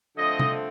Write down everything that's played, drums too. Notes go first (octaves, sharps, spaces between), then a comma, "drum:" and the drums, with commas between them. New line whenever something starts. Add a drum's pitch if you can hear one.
D3 F3 A3 C4 D#5
drum: tom